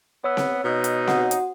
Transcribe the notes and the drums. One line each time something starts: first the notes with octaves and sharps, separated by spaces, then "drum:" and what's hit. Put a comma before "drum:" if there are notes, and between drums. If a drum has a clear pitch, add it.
B3 C#5 E6
drum: snare C4
B2 D#4
drum: hi-hat
F#4 F#5 D#6, drum: snare C4
drum: hi-hat